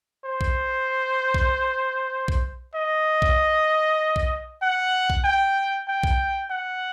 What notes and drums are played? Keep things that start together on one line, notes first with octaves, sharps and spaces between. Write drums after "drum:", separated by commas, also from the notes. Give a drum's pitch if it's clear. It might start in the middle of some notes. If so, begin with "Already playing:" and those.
C5
drum: kick B1
drum: kick B1
drum: kick B1
D#5
drum: kick B1
drum: kick B1
F#5
drum: kick B1
G5
G5
drum: kick B1
F#5